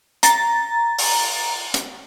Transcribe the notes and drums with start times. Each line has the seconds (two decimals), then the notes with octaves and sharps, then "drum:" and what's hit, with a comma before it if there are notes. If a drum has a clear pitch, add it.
0.23 A#5 A6, drum: hi-hat
0.99 drum: open hi-hat
1.74 drum: hi-hat